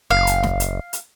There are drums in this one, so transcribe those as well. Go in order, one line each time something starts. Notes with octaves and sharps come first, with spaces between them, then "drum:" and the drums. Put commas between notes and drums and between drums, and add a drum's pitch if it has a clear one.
F#1 F5
drum: hi-hat
drum: snare
drum: hi-hat
drum: hi-hat